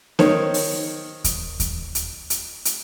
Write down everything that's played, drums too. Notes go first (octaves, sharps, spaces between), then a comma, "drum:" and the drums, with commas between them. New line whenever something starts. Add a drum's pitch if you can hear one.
D#3 C5 C#5, drum: snare B3
drum: open hi-hat
drum: kick D#2, hi-hat
drum: kick D#2, hi-hat
drum: hi-hat
drum: hi-hat
drum: hi-hat